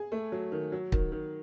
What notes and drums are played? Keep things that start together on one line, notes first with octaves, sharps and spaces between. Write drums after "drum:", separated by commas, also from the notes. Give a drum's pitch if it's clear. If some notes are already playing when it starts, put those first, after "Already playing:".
Already playing: G#4
A3
F#3
D#3
F#3
D#3, drum: kick
D#3